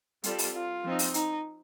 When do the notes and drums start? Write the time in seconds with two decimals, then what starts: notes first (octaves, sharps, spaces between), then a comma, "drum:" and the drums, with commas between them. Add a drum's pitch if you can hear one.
0.24 G3 C4 F4 A4 D5, drum: hi-hat
0.38 drum: open hi-hat
0.54 F4
0.83 F3 C4 D#4
0.99 drum: open hi-hat
1.14 D#4, drum: hi-hat